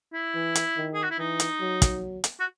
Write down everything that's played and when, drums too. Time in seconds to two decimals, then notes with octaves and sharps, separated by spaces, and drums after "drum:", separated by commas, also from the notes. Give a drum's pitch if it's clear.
0.13 E4
0.34 E3
0.55 drum: hi-hat
0.77 D#3
0.94 G#4
1.03 F#4
1.11 E4
1.18 E3 D#4
1.40 drum: hi-hat
1.61 F#3
1.82 drum: kick, hi-hat
2.24 drum: hi-hat
2.40 F#4